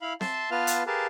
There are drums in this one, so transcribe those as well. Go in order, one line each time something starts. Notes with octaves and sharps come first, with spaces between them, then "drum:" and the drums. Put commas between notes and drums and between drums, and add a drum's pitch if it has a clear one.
E4 F5 B5
E5 A5 C6, drum: snare C4
B3 F4 B4 F5 A5 F6
drum: hi-hat
G4 G#4 A#4 B4 F5 A5